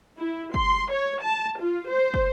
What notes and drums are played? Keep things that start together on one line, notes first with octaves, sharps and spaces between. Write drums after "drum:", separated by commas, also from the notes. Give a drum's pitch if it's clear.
E4
C6, drum: kick
C#5
A5
F4
C5
drum: kick